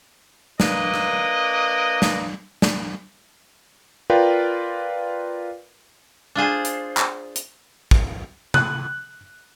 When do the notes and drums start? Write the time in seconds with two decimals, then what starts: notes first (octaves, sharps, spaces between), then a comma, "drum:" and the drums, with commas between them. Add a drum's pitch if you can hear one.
0.60 A#3 D4 B4 D#5, drum: snare
0.94 drum: rim click
2.02 drum: snare
2.62 drum: snare
4.10 F4 A#4 B4 D5 F5 G5
6.35 D4 F4 G#4 C5
6.65 drum: hi-hat
6.97 drum: clap
7.36 drum: hi-hat
7.91 drum: kick
8.54 F#6, drum: tom C3